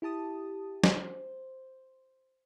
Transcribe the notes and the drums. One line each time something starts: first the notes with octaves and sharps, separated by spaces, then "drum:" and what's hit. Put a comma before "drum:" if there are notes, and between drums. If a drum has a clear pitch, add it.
E4 G4 A5 D#6
C5, drum: snare